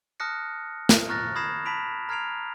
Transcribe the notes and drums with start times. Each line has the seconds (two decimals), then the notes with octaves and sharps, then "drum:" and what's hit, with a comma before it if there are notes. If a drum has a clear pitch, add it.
0.20 A5 D#6 F6 F#6 A#6 C#7
0.89 drum: snare
1.09 A#5 C#6 F6 F#6 A6 A#6
1.35 B5 D#6 G#6 A#6 C7 E7
1.65 A5 B5 B6 D7 F7
2.09 A#5 F6 G#6 C7 D7 F7